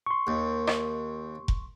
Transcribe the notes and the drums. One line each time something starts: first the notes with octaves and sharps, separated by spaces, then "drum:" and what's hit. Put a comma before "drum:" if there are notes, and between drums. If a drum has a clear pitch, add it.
C6 C#6
D#2
drum: rim click
drum: kick F1